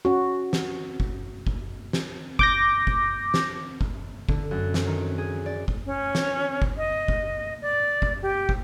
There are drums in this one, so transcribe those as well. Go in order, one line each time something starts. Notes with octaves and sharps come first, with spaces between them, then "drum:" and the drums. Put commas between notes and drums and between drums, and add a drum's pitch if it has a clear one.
C#4 F#4
drum: snare
drum: kick
drum: kick
drum: snare
D6 G6 A#6, drum: kick
drum: kick
drum: snare
drum: kick
D3, drum: kick
F#2
drum: snare
D#3
G#4
D5
drum: kick
C#4
drum: snare
drum: kick
D#5
drum: kick
D5
drum: kick
G4
drum: kick